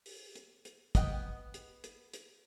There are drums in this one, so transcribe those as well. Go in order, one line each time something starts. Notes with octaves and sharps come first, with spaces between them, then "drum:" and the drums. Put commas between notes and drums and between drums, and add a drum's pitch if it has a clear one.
drum: open hi-hat
drum: hi-hat
drum: hi-hat
B3 D#5 F#5 G5, drum: kick, hi-hat
drum: hi-hat
drum: hi-hat
drum: hi-hat